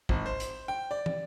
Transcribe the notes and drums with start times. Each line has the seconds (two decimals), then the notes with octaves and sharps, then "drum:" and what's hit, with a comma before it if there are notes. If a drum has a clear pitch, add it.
0.09 G#1, drum: kick
0.26 C5
0.40 drum: hi-hat
0.68 G5
0.91 D5
1.06 drum: tom